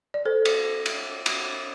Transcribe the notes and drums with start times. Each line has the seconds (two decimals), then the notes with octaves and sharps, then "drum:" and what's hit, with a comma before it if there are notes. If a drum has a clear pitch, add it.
0.14 D5
0.25 A4 C5
0.45 drum: cymbal
0.86 drum: cymbal
1.26 drum: cymbal